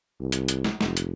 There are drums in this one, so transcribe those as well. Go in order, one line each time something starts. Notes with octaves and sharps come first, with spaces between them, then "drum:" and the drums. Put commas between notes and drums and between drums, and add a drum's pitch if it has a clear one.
C2
drum: hi-hat
drum: hi-hat
drum: snare
F1, drum: snare
drum: hi-hat